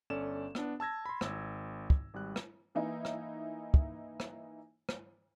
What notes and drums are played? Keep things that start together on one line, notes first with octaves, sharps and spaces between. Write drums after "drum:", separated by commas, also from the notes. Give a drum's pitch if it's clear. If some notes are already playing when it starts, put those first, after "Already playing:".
G1 C#4 A4 D5 E7
B3 D4, drum: rim click
A5 E6 G#6 A#6
B5 C6
G#1 E6, drum: rim click
drum: kick
G#1 G3 F#6
drum: rim click
E3 A#3 D#4 E4
drum: rim click
drum: kick
drum: rim click
drum: rim click